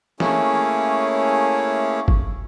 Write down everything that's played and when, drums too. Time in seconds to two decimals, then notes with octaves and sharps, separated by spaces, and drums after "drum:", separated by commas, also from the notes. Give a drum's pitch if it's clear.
0.20 A3 A#3 C#4 E4 G#4 C#5, drum: snare
2.08 drum: kick G1